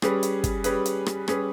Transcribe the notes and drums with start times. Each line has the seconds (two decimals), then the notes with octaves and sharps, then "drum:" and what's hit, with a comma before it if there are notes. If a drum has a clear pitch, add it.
0.02 G3 C#4 G#4 B4, drum: rim click
0.23 drum: hi-hat
0.44 drum: kick, hi-hat
0.64 G3 C#4 G#4 B4, drum: hi-hat
0.86 drum: hi-hat
1.06 drum: rim click
1.28 G3 C#4 G#4 B4, drum: rim click